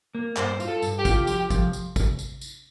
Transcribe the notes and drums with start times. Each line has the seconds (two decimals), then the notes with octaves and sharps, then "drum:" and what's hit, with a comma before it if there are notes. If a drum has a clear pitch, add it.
0.15 A#3
0.37 G2 C5, drum: clap
0.60 F4, drum: tambourine
0.68 A4
0.82 G2, drum: tambourine
0.98 G4
1.05 F4, drum: kick A1, tambourine
1.27 F3 G4, drum: tambourine
1.50 F3, drum: kick A1, tambourine
1.73 drum: tambourine
1.96 drum: kick A1, tambourine
2.19 drum: tambourine
2.41 drum: tambourine